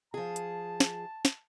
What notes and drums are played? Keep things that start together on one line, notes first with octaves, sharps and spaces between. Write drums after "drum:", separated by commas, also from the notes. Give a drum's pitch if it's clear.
F3 G#4 A5
drum: hi-hat
drum: snare
drum: snare